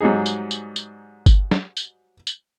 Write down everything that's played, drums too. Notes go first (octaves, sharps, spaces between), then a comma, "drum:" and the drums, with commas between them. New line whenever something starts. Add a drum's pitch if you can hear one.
G#2 F#3 G3 D#4 G#4
drum: tambourine
drum: tambourine
drum: tambourine
drum: kick G1, tambourine
drum: snare
drum: tambourine
drum: tambourine